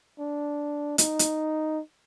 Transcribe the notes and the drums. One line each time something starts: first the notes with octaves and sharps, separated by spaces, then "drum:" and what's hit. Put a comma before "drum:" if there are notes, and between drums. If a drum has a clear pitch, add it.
D4
D#4, drum: hi-hat
drum: hi-hat